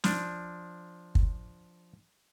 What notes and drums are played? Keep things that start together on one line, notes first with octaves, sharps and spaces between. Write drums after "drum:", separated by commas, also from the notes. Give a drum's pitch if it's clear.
F3 D4, drum: snare
drum: kick